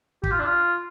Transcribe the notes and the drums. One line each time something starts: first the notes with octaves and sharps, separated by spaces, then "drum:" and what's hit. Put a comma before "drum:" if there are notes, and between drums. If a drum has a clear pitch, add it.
G4, drum: kick
F4
D4
F4